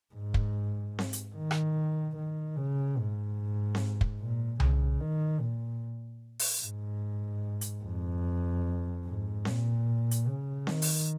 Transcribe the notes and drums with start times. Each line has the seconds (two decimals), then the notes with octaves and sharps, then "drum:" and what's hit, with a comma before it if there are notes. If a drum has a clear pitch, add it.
0.14 G#2
0.34 drum: kick
0.99 drum: snare C4
1.13 drum: hi-hat
1.35 D#3
1.51 drum: rim click
2.16 D#3
2.56 C#3
2.97 G#2
3.75 drum: snare C4
4.01 drum: kick
4.19 A#2
4.60 C#3, drum: tom C2
5.00 D#3
5.40 A#2
6.39 drum: open hi-hat
6.62 G#2
7.61 drum: hi-hat
7.84 F2
9.05 G#2
9.45 A#2, drum: snare C4
10.11 drum: hi-hat
10.27 C#3
10.67 D#3, drum: snare C4
10.82 drum: open hi-hat